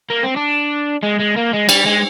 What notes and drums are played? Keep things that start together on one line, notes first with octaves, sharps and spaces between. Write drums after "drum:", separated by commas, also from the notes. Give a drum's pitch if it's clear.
A#3
C4
D4
G#3
G#3
A#3
G#3
G3, drum: cymbal
G#3